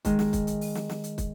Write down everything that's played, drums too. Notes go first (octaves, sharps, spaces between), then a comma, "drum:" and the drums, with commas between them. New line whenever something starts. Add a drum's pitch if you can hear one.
D#3 G#3, drum: kick, hi-hat
drum: snare
drum: kick, hi-hat
drum: hi-hat
drum: open hi-hat
drum: snare
drum: snare
drum: hi-hat
drum: kick, hi-hat